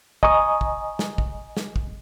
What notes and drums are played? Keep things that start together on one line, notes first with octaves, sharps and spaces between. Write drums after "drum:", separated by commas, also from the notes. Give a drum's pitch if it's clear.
D#5 G#5 A#5 C#6 D#6, drum: kick
drum: kick
drum: snare
drum: kick
drum: snare
drum: kick